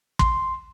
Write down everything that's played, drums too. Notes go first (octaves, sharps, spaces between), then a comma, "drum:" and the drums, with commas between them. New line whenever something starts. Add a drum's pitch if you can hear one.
C6, drum: kick